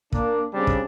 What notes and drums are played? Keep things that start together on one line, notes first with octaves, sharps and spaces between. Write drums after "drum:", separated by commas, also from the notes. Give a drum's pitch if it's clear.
A#3 D4, drum: kick
C#3 G3 C4 D4 A5
drum: kick